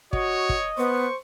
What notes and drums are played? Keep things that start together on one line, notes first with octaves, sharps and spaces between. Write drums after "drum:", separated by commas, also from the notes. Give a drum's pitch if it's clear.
F#4 C#5 D#5, drum: kick
drum: kick
B3 C5 C#6